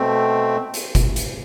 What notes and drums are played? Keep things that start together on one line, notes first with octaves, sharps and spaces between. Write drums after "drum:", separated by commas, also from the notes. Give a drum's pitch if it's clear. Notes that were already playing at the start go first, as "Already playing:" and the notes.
Already playing: B2 A3 C4
drum: hi-hat
drum: kick, hi-hat
drum: hi-hat